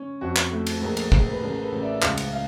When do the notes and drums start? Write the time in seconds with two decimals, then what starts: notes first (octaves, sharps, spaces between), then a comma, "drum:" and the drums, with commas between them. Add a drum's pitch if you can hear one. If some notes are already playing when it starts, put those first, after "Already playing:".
Already playing: C#4
0.21 F2 F#4
0.36 drum: clap
0.51 A3
0.67 drum: cymbal
0.81 A#1 G#4 A#4
0.97 drum: cymbal
1.12 A#1 G#4 A#4, drum: kick
1.31 B4
1.42 A1 G#4 A#4
1.62 A4 B4
1.72 A1
1.82 D5 E5
2.02 C#2 D#5 F5, drum: clap
2.18 drum: cymbal
2.33 F5